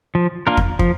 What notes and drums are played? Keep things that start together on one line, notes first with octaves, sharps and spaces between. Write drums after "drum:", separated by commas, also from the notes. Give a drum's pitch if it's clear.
F3
A#3 D4 F4 A#4
drum: kick
F3, drum: kick